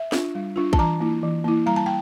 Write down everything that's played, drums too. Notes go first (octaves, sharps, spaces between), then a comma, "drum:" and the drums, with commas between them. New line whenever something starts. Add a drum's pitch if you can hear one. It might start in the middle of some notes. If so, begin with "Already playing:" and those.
Already playing: E5
D4 F4, drum: snare
G3
D4 F4
A5, drum: kick
E3 A#5
A#3 E4
E3
A#3 E4
G3 A#5
A5
G5